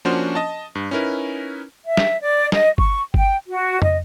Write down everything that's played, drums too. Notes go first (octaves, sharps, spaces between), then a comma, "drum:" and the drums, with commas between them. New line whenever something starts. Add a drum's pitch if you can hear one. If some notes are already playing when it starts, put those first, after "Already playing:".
F3 A#3 C#4 D4 F#4 C5
D#5 A5
G2
C#4 D#4 E4 A#4 B4
E5
drum: snare
D5
D#5, drum: snare
C#6, drum: kick G1
G5, drum: kick G1
F#4
D#5, drum: tom F2